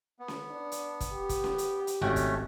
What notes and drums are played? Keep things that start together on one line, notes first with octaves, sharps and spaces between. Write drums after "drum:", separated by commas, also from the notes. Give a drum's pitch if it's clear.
B3
drum: snare C#4
D4
drum: hi-hat
drum: kick, hi-hat
G4
drum: kick, hi-hat
drum: snare C#4
drum: hi-hat
drum: hi-hat
G#1 A3 C#4 F#4 G5
drum: kick, hi-hat